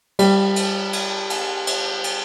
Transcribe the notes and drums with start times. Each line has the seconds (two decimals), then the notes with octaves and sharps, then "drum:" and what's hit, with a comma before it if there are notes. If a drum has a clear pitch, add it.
0.19 G3, drum: cymbal
0.56 drum: cymbal
0.93 drum: cymbal
1.30 drum: cymbal
1.67 drum: cymbal
2.04 drum: cymbal